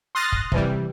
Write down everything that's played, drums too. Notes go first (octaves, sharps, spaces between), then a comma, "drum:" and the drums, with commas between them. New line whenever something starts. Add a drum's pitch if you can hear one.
C6 D#6 F6 F#6 A6 A#6
drum: kick
C3 E3 G3, drum: kick